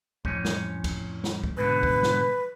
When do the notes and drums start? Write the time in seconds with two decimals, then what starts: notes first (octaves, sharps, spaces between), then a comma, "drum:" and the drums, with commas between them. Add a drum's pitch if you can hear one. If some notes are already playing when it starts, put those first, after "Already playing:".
0.25 F2 A2 C#4, drum: kick
0.45 drum: snare
0.84 drum: kick, cymbal
1.24 drum: snare
1.44 drum: kick
1.57 G#2 B2 D3 B4
1.83 drum: kick
2.03 drum: snare